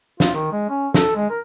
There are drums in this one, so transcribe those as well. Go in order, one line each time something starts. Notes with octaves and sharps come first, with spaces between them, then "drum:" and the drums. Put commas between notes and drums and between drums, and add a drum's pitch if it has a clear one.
F4, drum: snare
D#3
G#3
C#4
A4, drum: snare
G#3
A#4